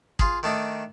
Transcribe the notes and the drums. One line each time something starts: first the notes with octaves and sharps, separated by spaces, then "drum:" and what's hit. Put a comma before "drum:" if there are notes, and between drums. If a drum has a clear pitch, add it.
F4 G#4, drum: kick
D#3 A3 D4 D#4